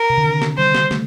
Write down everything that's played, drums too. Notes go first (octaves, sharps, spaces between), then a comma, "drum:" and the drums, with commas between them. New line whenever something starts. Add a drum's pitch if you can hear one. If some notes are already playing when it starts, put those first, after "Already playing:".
Already playing: A#4
C3
D3
D#3
drum: snare
G3 C5
drum: snare
A3, drum: snare